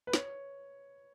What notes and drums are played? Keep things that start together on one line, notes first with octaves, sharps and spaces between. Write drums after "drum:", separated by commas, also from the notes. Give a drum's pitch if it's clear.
B4
C#5, drum: snare